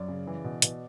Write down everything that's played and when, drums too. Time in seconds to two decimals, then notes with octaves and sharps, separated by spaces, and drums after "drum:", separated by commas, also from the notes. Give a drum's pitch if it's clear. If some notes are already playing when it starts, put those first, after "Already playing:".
Already playing: F#2 D5
0.08 C#3
0.27 E3
0.44 B2
0.62 B2, drum: hi-hat